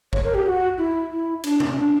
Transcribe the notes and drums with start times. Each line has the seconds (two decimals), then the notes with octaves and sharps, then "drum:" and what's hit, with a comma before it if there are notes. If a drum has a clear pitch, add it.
0.13 C#5, drum: kick
0.24 A#4
0.34 G4
0.46 F#4
0.78 E4
1.11 E4
1.44 D4, drum: cymbal
1.60 C#4, drum: tom C3
1.76 D4